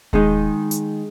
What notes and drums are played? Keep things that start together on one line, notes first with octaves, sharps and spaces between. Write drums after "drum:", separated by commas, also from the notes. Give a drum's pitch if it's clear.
D#3 G#3 D#4, drum: kick D#1
drum: hi-hat